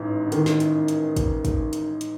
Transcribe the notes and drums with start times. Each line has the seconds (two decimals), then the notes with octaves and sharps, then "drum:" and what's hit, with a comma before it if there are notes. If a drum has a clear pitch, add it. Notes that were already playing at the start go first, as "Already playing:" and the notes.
Already playing: A1 G#2 E3
0.25 D3
0.32 D#3, drum: hi-hat
0.46 drum: snare
0.60 drum: hi-hat
0.88 drum: hi-hat
1.17 drum: kick, hi-hat
1.45 drum: kick, hi-hat
1.73 drum: hi-hat
2.01 drum: hi-hat